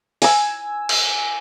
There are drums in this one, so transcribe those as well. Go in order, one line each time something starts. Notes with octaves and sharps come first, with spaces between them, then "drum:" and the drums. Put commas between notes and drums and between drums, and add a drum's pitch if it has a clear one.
G#5 E6, drum: open hi-hat
drum: cymbal